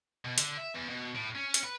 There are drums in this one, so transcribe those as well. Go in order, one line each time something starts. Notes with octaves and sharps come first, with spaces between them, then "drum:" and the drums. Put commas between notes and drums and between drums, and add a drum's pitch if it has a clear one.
B2
D3, drum: hi-hat
E5
E2
B2
A2
C#4
drum: hi-hat
B4